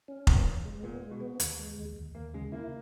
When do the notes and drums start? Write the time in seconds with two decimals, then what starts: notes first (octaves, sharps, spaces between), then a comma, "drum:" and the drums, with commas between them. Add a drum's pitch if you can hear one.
0.08 C#4
0.27 A#2 B3, drum: kick F1
0.46 E2
0.65 G#3
0.83 A#2 B3
1.02 G#3
1.11 B2
1.21 B3
1.40 D#2, drum: hi-hat
1.59 G#3
1.78 D#2
1.96 D#2
2.15 D#2 A#3
2.34 C#3 G#3
2.52 A#3 E4